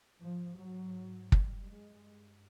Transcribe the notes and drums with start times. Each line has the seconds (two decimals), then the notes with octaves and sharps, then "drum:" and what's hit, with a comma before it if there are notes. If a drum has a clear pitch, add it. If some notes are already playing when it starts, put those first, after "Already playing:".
0.21 G#2 F3
0.57 F#3
1.32 G3, drum: kick
1.69 G2 G#3